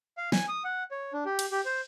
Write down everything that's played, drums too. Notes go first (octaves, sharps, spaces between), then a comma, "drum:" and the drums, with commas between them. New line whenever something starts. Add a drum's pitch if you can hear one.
F5
G#5, drum: snare
D#6
F#5
C#5
D4
G4
drum: cymbal
G4
C5